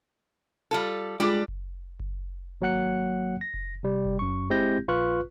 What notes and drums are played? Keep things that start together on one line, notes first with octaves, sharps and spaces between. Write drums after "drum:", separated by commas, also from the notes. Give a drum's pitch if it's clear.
G3 F4 A4 A5
G3 G#3 D4 F4 G4 G#4 D6
drum: kick F#1
drum: kick F#1
G#1 F#3 A#3 F#5 F#6 C#7
A#6
drum: kick F#1
C3 G3
drum: kick F#1
F#2 C#6
G#3 C4 E4 G4 G6 A#6
A#1 F4 B4 C#6 F6 F#6